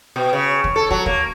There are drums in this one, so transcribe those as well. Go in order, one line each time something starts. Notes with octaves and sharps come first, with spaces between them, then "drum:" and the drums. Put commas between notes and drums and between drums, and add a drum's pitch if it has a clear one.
B2
C#3
drum: kick
A4
F#3, drum: kick
A#3, drum: kick